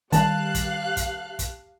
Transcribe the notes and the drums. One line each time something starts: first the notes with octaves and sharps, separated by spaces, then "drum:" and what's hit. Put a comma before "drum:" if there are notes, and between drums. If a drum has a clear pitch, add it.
D#3 G3 D4 G4 F5 A5 F#6, drum: kick, hi-hat
drum: kick, hi-hat
drum: kick, hi-hat
drum: kick, hi-hat